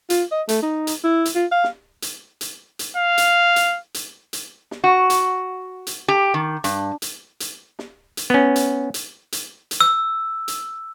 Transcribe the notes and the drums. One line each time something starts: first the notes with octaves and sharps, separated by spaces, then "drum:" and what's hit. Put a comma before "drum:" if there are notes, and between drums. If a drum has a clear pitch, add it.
F4, drum: hi-hat
D#5
A3, drum: hi-hat
D#4
drum: hi-hat
E4
drum: hi-hat
F4
F5
drum: snare
drum: hi-hat
drum: hi-hat
drum: hi-hat
F5
drum: hi-hat
drum: hi-hat
drum: hi-hat
drum: hi-hat
drum: snare
F#4
drum: hi-hat
drum: hi-hat
G4
D#3
G2, drum: hi-hat
drum: hi-hat
drum: hi-hat
drum: snare
drum: hi-hat
B3 C#4
drum: hi-hat
drum: hi-hat
drum: hi-hat
drum: hi-hat
E6
drum: hi-hat